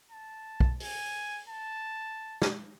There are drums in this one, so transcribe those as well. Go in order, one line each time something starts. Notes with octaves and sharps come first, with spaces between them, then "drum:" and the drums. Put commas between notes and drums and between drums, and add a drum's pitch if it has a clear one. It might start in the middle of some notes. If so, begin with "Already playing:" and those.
A5
drum: kick
G#5, drum: open hi-hat
A5
drum: snare